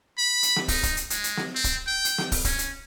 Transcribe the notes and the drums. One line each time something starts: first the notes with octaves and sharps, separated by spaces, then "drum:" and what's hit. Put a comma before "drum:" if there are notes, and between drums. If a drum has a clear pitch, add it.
B5
drum: hi-hat
drum: snare
D#4, drum: kick, open hi-hat
drum: kick, hi-hat
drum: hi-hat
G#3, drum: hi-hat
drum: hi-hat
drum: snare
C4
drum: kick, hi-hat
G5
drum: hi-hat
drum: snare
drum: kick, open hi-hat
C#4, drum: kick, hi-hat
drum: hi-hat